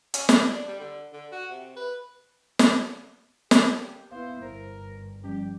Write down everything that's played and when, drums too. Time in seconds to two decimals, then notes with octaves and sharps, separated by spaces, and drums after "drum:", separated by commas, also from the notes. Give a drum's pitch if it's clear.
0.14 C#4, drum: hi-hat
0.29 C#3, drum: snare
0.46 D4
0.67 G3
0.79 D3
1.13 D3
1.32 F#4
1.51 C3
1.76 B4
2.59 drum: snare
3.51 G4 A#4 A5, drum: snare
4.11 B3 E4 C5 F5
4.42 G1 A#4 C5
5.24 F3 G3 C#4 G4